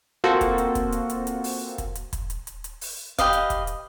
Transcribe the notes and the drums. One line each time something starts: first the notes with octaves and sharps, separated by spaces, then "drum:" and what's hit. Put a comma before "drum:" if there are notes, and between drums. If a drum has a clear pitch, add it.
A#3 C4 F4 F#4 A4 C5
drum: kick, hi-hat
drum: hi-hat
drum: kick, hi-hat
drum: hi-hat
drum: hi-hat
drum: hi-hat
drum: open hi-hat
drum: kick, hi-hat
drum: hi-hat
drum: kick, hi-hat
drum: hi-hat
drum: hi-hat
drum: hi-hat
drum: open hi-hat
G4 B4 D#5 F5, drum: kick, hi-hat
drum: hi-hat
drum: kick, hi-hat
drum: hi-hat